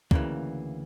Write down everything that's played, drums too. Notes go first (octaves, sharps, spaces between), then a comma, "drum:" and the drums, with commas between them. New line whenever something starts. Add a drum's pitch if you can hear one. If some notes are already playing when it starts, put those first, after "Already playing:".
D2 C#3 E3 A#3, drum: kick